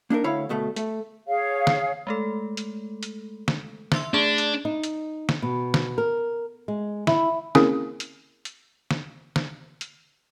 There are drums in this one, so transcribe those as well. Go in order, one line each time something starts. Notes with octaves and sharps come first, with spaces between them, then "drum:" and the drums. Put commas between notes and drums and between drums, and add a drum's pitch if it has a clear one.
A#3 D4 D#4 A#4
D2 E4 C#5 F5 B5
D2 B2 A3
A3, drum: hi-hat
G#4 C#5 F5
drum: snare
G#3 A3 A4
drum: hi-hat
drum: hi-hat
drum: snare
E5 C6 E6, drum: snare
A3 D4 G#4 G#6
drum: hi-hat
D#4
drum: hi-hat
drum: snare
B2
drum: snare
A#4
G#3
E4, drum: snare
A#3 C4 C#4 E4 G#4 A#4, drum: snare
drum: hi-hat
drum: hi-hat
drum: snare
drum: snare
drum: hi-hat